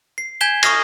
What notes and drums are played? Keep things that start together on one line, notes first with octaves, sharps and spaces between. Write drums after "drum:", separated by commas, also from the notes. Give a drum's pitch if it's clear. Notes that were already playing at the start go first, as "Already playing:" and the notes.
C7
G#5 G6 G#6 B6 E7 G7
C#6 D#6 F6 A#6 C7, drum: cymbal